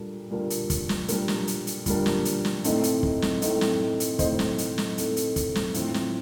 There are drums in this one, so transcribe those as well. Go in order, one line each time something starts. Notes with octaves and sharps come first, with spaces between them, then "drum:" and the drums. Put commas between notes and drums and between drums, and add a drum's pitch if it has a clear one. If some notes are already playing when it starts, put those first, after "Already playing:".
Already playing: A#2 G3 A#3 D4 A4
A#2 G3 A#3 D4
drum: hi-hat
drum: kick, hi-hat
drum: snare
A#2 G3 A#3 D4 A#4, drum: hi-hat
drum: snare
drum: hi-hat
drum: hi-hat
A#2 G3 A#3 D4, drum: kick, hi-hat
drum: snare
drum: hi-hat
drum: snare
A2 A3 C4 D#4, drum: hi-hat
drum: hi-hat
drum: kick
drum: snare
A2 A3 C4 D#4, drum: hi-hat
drum: snare
drum: hi-hat
A2 A3 C4 D#4 C5 D#5, drum: kick, hi-hat
drum: snare
drum: hi-hat
drum: snare
A2 A3 C4 D#4, drum: hi-hat
drum: hi-hat
drum: kick, hi-hat
drum: snare
A2 F3 C4, drum: hi-hat
drum: snare